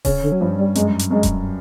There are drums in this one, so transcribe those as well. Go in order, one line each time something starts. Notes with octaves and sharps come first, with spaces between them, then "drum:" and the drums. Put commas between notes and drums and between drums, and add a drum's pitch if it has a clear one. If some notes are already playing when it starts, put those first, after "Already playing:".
C#3 C#4, drum: kick D#1, open hi-hat
D3
F#3
G2 F3
G3
F#2 G#3, drum: hi-hat
drum: hi-hat
F#2 G#3
drum: kick D#1, hi-hat